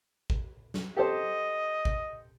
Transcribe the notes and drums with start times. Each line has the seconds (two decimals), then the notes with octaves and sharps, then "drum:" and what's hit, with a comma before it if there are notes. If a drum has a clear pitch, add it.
0.30 drum: kick
0.74 drum: snare
0.96 G4 A4 C5 D#5
1.85 drum: kick